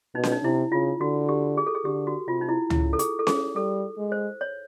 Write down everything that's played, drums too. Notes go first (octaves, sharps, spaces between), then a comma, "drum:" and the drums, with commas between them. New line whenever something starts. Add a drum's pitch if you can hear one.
B2 D#4
D4, drum: snare C#4
D#4
C3 E4
C#3 F4
D3 F#4
G4
G#4
A4
G#4
D3 G4
F#4
C3 F4
D#4
E4
C#3 E4, drum: tom C#2
A4
G#4, drum: hi-hat
A4
G#4, drum: snare C#4
G3 A4
G#3
C5
C#5